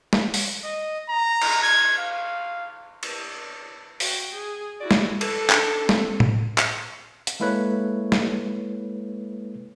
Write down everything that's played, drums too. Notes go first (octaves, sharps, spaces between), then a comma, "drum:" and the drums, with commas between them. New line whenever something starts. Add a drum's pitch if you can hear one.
drum: snare
drum: open hi-hat
D#5
A#5
drum: cymbal
G#6
F5
drum: cymbal
F#4 G5, drum: open hi-hat
G#4
E4 F#4 D5
drum: snare
A4 B4, drum: cymbal
D4 D#4, drum: clap
C4, drum: snare
drum: tom A2
drum: clap
drum: hi-hat
G#3 A#3 E4 A4 B4 C#5
drum: snare